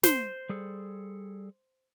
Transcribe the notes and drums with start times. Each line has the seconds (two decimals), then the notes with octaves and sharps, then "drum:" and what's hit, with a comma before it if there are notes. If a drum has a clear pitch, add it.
0.03 C5, drum: snare
0.49 G3 G#4 A4